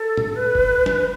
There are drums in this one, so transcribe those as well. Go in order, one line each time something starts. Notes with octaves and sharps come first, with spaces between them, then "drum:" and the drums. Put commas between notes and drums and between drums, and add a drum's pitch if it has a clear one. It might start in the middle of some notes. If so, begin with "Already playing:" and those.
Already playing: A4
drum: tom
B4
drum: kick G1
drum: snare